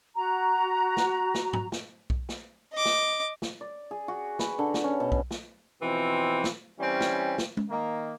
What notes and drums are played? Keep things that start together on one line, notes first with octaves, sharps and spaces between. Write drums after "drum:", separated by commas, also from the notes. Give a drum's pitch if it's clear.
F#4 A#5
drum: snare
drum: snare
drum: tom
drum: snare
drum: kick B1
drum: snare
D#5 D6
drum: snare
drum: snare
D5
G#4
F#4
B4, drum: snare
D3
drum: snare
C#4
B2
drum: kick B1
drum: snare
B2 E3 F3 C4
drum: snare
E3 G3 C4 C#4
drum: snare
drum: snare
drum: tom G#3
D#3 A#3